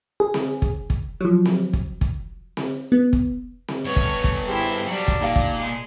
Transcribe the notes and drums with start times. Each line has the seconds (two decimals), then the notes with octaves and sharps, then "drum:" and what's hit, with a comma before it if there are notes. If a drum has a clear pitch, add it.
0.20 G#4
0.34 drum: snare C4
0.62 drum: kick
0.90 drum: kick
1.21 F3 F#3
1.45 drum: snare C4
1.73 drum: kick
2.01 drum: kick
2.57 drum: snare C4
2.92 B3
3.13 drum: kick
3.68 drum: snare C4
3.85 G2 B3 C#5
3.96 drum: kick
4.24 drum: kick
4.48 E4 G4 G#4 C5
4.87 F#3 G3 D4
5.08 drum: kick
5.21 A#2 D#4 G4 F5
5.36 drum: kick
5.56 G#3